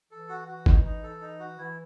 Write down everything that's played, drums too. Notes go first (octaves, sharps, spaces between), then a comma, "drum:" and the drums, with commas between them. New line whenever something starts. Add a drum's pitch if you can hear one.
E3 A4
F#4
F#4
D#4, drum: kick
D#4
A4
D#4
F#4
E3 E4